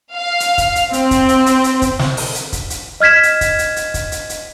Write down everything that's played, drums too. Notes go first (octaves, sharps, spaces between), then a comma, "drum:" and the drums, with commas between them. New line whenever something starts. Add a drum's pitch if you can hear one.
F5
drum: hi-hat
drum: kick, hi-hat
drum: hi-hat
C4, drum: hi-hat
drum: kick, hi-hat
drum: hi-hat
drum: hi-hat
drum: hi-hat
drum: kick, hi-hat
drum: snare
drum: open hi-hat
drum: hi-hat
drum: kick, hi-hat
drum: hi-hat
D#5 F6 G#6 B6 E7
drum: hi-hat
drum: kick, hi-hat
drum: hi-hat
drum: hi-hat
drum: kick, hi-hat
drum: hi-hat
drum: hi-hat